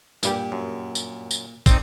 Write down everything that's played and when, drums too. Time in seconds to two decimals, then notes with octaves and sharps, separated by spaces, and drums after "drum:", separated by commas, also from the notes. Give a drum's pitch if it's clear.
0.23 G2 A#2 G3 G4, drum: tambourine
0.52 F#2
0.95 drum: tambourine
1.31 drum: tambourine
1.66 C4 D#4 D5, drum: kick, tambourine